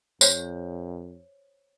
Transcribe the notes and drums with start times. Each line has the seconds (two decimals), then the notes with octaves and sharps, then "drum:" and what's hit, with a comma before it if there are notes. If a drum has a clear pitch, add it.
0.21 F2 C5 C#5, drum: tambourine